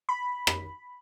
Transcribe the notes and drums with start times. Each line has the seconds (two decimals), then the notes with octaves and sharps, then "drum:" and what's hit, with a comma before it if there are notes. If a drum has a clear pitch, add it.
0.09 B5
0.47 drum: rim click